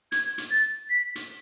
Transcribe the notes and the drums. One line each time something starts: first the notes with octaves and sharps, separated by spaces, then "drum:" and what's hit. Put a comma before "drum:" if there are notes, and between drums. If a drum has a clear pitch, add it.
G#6, drum: hi-hat
drum: hi-hat
A6
B6
drum: hi-hat